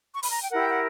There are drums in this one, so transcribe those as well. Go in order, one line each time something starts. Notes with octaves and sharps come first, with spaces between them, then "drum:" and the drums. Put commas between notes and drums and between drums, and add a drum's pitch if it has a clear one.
C#6
B5, drum: open hi-hat
A#5
G5
E4 G4 A#4 F#5
G5
F#5